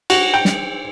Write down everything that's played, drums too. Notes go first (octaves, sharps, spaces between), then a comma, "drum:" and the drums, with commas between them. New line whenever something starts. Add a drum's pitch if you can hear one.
F#4, drum: cymbal
G5
drum: snare